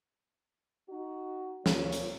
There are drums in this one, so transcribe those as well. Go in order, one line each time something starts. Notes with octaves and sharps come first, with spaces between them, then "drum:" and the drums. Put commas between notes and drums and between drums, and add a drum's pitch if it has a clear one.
D#4 F#4
F3 A#3 C#5, drum: snare
drum: hi-hat